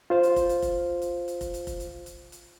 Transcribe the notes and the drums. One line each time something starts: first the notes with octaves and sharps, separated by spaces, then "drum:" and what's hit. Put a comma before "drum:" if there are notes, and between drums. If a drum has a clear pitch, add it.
F4 C5 F5
drum: hi-hat
drum: kick F1, hi-hat
drum: hi-hat
drum: kick F1, hi-hat
drum: hi-hat
drum: hi-hat
drum: kick F1, hi-hat
drum: hi-hat
drum: kick F1, hi-hat
drum: hi-hat
drum: hi-hat
drum: hi-hat